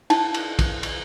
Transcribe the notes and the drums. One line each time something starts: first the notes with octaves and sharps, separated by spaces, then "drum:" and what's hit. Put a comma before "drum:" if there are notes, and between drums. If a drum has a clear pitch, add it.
E4 A5, drum: cymbal
drum: cymbal
drum: kick, cymbal
drum: cymbal